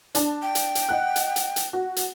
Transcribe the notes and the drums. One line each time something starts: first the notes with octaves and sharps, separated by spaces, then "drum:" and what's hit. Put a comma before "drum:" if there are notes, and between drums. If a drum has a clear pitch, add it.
D4 A5, drum: hi-hat
G5
drum: hi-hat
drum: hi-hat
D#5 F#5 F#6
drum: hi-hat
drum: hi-hat
drum: hi-hat
F#4
drum: hi-hat